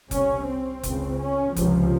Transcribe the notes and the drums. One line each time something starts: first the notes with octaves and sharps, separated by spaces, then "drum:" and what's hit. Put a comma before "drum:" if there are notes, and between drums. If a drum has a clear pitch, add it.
C2 C3 C#4, drum: kick F1, hi-hat
C4
C#2 C#3, drum: kick F1, hi-hat
C#4
C#2 C3 F3, drum: kick F1, hi-hat